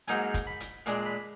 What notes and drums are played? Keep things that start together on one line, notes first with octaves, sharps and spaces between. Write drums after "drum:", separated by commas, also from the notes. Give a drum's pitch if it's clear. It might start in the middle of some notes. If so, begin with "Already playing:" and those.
G#2 F#3 A#3 D#4 G#5, drum: hi-hat
drum: kick, hi-hat
B5
drum: hi-hat
A#2 G#3 D4 D6, drum: hi-hat
B5